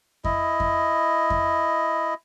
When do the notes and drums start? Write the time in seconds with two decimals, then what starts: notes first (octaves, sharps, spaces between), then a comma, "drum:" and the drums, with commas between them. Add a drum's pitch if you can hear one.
0.24 E4 D#5, drum: kick F2
0.60 drum: kick F2
1.30 drum: kick F2